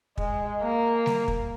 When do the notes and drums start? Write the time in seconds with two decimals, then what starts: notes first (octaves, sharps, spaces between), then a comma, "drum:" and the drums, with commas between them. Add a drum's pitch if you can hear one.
0.18 G#3, drum: kick
0.62 A#3
1.06 drum: snare G3
1.28 drum: kick